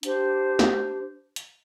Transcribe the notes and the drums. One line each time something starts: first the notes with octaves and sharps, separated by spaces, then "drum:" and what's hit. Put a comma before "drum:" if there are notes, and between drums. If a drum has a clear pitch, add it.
D4 G4 C5, drum: hi-hat
drum: snare
drum: hi-hat